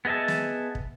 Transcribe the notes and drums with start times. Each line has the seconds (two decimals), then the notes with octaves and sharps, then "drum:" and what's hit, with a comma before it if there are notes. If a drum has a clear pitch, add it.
0.05 B3 G#4 D#5 E5 A5
0.28 drum: snare
0.75 drum: kick